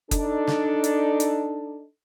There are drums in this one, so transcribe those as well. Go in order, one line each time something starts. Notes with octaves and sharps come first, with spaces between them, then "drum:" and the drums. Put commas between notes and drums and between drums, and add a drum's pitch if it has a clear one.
D4 D#4 A4, drum: kick F#1, hi-hat
drum: snare
drum: hi-hat
drum: hi-hat